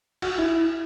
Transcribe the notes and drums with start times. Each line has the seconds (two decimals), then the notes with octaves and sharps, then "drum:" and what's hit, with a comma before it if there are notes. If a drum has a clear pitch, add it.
0.22 F#4, drum: cymbal
0.38 E4